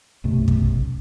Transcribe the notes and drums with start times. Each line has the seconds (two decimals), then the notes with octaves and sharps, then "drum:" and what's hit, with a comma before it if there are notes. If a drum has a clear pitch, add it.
0.24 B1 F#2 C3 A3
0.48 drum: kick